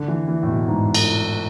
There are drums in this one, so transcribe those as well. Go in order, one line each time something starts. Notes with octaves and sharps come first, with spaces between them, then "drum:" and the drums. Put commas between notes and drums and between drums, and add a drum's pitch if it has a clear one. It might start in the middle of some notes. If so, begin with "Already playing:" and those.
Already playing: D3
E3
E3
A2
B2
G#2
drum: cymbal